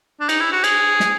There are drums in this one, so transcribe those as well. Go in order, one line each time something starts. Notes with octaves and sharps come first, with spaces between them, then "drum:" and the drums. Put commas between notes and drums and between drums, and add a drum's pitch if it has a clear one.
D4
D#4, drum: cymbal
E4
F#4
G#4, drum: cymbal
drum: snare